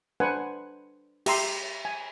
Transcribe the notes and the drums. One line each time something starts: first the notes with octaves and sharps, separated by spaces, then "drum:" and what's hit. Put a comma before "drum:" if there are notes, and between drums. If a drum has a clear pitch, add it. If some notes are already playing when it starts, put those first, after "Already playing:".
D4 B4 C5 F#5 G#5
G4 E5 A#5 C6, drum: cymbal
G#5